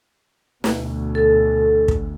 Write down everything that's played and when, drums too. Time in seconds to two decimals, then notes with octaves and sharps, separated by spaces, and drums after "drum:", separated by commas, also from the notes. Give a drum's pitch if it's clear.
0.64 D2 B2, drum: snare
1.15 A4
1.88 drum: kick